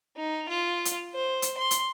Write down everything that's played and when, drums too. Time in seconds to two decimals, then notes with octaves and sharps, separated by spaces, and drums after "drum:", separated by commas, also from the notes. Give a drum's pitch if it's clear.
0.16 D#4
0.49 F4
0.85 drum: hi-hat
1.14 C5
1.42 drum: hi-hat
1.58 C6
1.71 drum: hi-hat